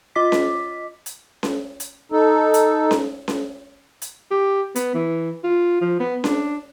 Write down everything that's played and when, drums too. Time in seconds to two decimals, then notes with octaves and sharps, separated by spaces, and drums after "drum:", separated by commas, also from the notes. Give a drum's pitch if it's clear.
0.15 F4 D#5 D6 B6
0.32 drum: snare C#4
1.06 drum: hi-hat
1.43 drum: snare C#4
1.80 drum: hi-hat
2.12 D#4 A4
2.54 drum: hi-hat
2.91 drum: snare C#4
3.28 drum: snare C#4
4.02 drum: hi-hat
4.31 G4
4.76 B3, drum: hi-hat
4.94 E3
5.44 F4
5.81 F3
6.00 B3
6.24 D4, drum: snare C#4